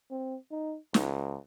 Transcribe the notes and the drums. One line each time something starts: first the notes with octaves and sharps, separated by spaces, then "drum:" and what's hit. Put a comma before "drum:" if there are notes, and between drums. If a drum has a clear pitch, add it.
C4
D#4
C#2, drum: snare